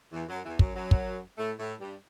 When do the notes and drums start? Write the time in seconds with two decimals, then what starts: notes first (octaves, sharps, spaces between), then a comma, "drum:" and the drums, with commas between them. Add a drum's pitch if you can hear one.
0.12 E2 E3
0.28 F#2 F#3
0.45 E2 E3
0.59 F#2 F#3, drum: kick
0.76 F#2 F#3
0.91 drum: kick
1.38 A2 A3
1.59 A2 A3
1.79 G2 G3